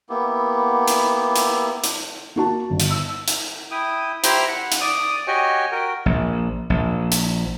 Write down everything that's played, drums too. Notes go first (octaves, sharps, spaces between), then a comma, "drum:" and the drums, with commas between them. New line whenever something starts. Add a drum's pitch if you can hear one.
A#3 B3 E4 G4
drum: hi-hat
drum: hi-hat
drum: hi-hat
A#3 F#4 A5
G1
drum: hi-hat
E6
drum: hi-hat
E4 G5 D#6
E4 G4 C5 G5 A#5, drum: hi-hat
F#5
drum: hi-hat
D5 D#6
F#4 G4 C#5 D#5 G5 G#5
F#4 A#4 G5
A#1
A#1
drum: hi-hat